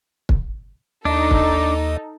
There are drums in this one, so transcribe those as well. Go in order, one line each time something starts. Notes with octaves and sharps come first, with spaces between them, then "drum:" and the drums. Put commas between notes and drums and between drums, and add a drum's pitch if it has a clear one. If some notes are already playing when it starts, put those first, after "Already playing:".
drum: kick
D#2 D4 D#4 A4 D#5
drum: kick